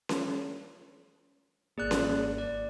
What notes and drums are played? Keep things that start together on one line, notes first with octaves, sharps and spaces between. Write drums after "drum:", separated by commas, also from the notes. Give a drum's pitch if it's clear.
drum: snare C#4
G#1 A#3 G#4 D5 F#6
drum: snare C#4
D5